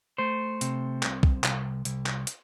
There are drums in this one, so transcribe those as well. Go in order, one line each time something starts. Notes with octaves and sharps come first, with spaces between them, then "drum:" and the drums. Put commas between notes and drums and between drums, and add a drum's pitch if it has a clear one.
A3 C5
C3, drum: hi-hat
C2, drum: clap
drum: kick B1
C2, drum: clap
C2, drum: hi-hat
drum: clap
drum: hi-hat